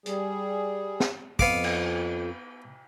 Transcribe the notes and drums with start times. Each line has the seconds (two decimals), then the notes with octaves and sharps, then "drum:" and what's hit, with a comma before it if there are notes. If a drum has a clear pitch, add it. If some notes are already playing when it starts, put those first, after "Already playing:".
0.06 G3 G#4, drum: hi-hat
1.00 drum: snare
1.39 F2 B3 F5 D6, drum: kick
1.64 drum: cymbal